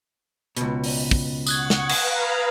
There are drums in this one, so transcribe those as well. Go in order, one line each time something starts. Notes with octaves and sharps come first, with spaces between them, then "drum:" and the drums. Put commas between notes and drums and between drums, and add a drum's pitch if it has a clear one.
C#2 B2, drum: hi-hat
drum: open hi-hat
drum: kick
F#5 C#6 D#6 F#6 G#6, drum: tambourine
drum: snare
B4 F5 A#5, drum: cymbal